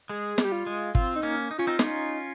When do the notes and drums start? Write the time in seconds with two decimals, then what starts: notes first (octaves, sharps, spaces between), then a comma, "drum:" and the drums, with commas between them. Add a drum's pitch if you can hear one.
0.09 G#3 G#4
0.38 G3, drum: snare
0.45 G4
0.52 F4
0.66 G#3
0.95 C4 F4, drum: kick
1.16 D#4
1.23 A#3 C#4
1.51 D#4
1.58 C#4 F4
1.67 C4 D#4
1.79 C#4 D#4 F4, drum: snare